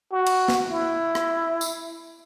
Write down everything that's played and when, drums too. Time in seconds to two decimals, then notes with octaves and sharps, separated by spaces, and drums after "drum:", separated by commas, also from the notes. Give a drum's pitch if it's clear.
0.12 F#4
0.26 drum: cymbal
0.48 drum: snare
0.68 E4
1.15 drum: rim click
1.61 drum: tambourine